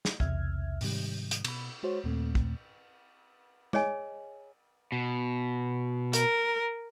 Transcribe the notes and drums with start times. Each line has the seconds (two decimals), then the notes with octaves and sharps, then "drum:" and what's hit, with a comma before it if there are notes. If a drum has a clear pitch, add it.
0.05 drum: snare
0.20 B1 E2 C3 E5 F6 G#6, drum: kick
0.81 G#2 C3 D#3 G3, drum: open hi-hat
1.31 drum: hi-hat
1.44 B2 B5, drum: cymbal
1.83 G#3 F#4 C5 C#5
2.04 D#2 A#2 A3 C4
2.35 drum: kick
3.73 G#4 C#5 D#5 G#5, drum: tom
4.92 B2
6.13 A#4, drum: hi-hat